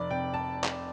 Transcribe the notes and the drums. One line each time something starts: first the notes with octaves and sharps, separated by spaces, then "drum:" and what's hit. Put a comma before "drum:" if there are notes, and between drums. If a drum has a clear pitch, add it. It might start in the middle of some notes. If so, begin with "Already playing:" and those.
Already playing: F1 D5
C3 G5
A5
drum: clap